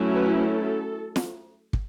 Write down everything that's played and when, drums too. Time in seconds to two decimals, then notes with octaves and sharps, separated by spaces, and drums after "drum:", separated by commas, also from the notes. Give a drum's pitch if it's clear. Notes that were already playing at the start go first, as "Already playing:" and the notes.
Already playing: F#3 A3 C#4 E4
0.15 B4
0.44 A4
1.16 drum: snare
1.73 drum: kick